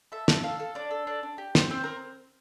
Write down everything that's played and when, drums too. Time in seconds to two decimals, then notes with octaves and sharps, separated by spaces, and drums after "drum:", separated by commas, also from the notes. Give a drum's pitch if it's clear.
0.12 A4 E5
0.28 A4, drum: snare
0.43 A4 F5
0.60 A4
0.75 D4 D5
0.91 A4
1.07 D4
1.23 D4
1.38 G4
1.55 C4, drum: snare
1.71 C4 C5
1.84 C4 A#4